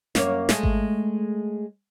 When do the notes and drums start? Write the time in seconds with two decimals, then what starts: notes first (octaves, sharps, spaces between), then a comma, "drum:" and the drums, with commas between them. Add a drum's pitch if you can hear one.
0.15 F#2 A#3 C#5, drum: snare
0.49 G#3 A3, drum: snare
0.63 drum: kick G#1